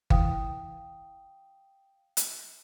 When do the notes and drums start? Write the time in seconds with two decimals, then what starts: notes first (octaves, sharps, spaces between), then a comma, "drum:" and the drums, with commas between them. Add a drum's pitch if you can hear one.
0.10 E3 F5 G5 D#6, drum: kick G1
2.17 drum: hi-hat